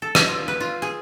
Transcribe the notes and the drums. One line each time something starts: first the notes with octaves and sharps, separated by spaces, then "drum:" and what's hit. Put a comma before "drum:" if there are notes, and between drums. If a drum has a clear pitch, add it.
A4
D#5, drum: rim click
F4
B4
F4
G#4